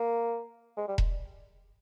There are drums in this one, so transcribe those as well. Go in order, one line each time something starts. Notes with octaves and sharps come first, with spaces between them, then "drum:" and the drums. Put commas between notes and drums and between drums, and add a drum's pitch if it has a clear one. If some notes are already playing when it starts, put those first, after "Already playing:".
Already playing: A#3
G#3
G3
drum: kick E1